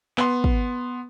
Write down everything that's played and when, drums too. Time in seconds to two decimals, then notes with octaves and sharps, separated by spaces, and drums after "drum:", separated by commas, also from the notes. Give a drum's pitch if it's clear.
0.18 B3 C6, drum: clap
0.44 drum: kick